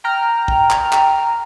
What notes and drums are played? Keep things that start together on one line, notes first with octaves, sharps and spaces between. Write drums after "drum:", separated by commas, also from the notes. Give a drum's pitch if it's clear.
G5 A#5 F6
drum: kick
drum: clap
drum: clap